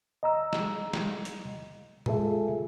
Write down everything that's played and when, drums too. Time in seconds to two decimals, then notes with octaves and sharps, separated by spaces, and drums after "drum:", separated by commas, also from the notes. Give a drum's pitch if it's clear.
0.23 D#5 A#5 E6
0.53 drum: snare
0.93 drum: snare
1.25 drum: hi-hat
2.06 G#3 F4 G#4 A4 E5, drum: tom